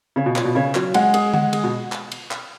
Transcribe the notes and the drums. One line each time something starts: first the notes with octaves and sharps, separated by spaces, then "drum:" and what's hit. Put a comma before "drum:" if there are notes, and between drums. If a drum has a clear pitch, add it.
C#3 C#5
B2
A#2 C#5, drum: clap
B2
C#3 C#5
F#3 C#5, drum: clap
G#3 F#5, drum: cymbal
G#4, drum: cymbal
F#5, drum: tom D3
G#4, drum: cymbal
B2
drum: clap
drum: cymbal
drum: clap